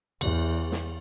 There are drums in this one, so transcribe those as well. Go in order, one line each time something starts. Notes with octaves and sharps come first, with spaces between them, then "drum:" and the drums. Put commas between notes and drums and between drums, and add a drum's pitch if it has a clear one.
E2, drum: cymbal
drum: snare